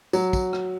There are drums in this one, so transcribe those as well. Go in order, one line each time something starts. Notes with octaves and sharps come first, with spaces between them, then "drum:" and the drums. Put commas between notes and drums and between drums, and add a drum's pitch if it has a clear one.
F#3, drum: tambourine
drum: kick, tambourine
drum: rim click